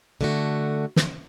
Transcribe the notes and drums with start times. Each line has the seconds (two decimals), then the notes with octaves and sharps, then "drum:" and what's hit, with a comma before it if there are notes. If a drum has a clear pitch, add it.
0.21 D3 A3 F#4
0.96 drum: snare